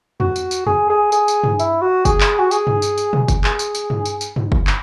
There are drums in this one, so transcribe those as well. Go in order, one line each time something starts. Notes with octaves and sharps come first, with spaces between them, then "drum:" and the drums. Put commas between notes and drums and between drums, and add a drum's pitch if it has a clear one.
F#4, drum: tom E2
drum: tambourine
drum: tambourine
G#4, drum: tom E2
G#4
G#4, drum: tambourine
drum: tambourine
drum: tom G2
E4, drum: tambourine
F#4
G#4, drum: kick F#1, tambourine
drum: clap
F#4
G#4, drum: tambourine
drum: tom G2
drum: tambourine
drum: tambourine
drum: tom
drum: kick F#1, tambourine
G#4, drum: clap
drum: tambourine
drum: tambourine
drum: tom G2
drum: tambourine
drum: tambourine
drum: tom G2
drum: kick F#1
drum: clap